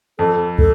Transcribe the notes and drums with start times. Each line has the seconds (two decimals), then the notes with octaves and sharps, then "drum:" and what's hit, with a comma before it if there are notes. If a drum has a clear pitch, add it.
0.19 F2 A4
0.59 A4, drum: kick